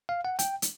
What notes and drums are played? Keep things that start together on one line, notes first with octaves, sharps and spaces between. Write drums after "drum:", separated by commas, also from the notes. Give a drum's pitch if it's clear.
F5
F#5
G5, drum: hi-hat
drum: hi-hat